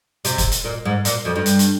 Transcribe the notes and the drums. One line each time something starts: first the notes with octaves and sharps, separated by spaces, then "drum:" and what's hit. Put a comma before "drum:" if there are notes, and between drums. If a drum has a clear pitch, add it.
C3, drum: hi-hat
drum: kick, hi-hat
drum: hi-hat
A#2
G#2
A#2, drum: hi-hat
F2
G2
drum: hi-hat
drum: hi-hat